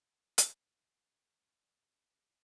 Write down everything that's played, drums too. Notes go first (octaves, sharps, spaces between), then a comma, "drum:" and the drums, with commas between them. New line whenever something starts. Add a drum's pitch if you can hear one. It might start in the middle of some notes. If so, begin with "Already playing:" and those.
drum: hi-hat
A3 C4 A#5 A6